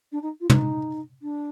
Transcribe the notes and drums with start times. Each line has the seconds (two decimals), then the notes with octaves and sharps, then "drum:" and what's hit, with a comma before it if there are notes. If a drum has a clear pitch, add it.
0.12 D4
0.22 D#4
0.41 F4
0.50 D#4, drum: tom
1.22 D4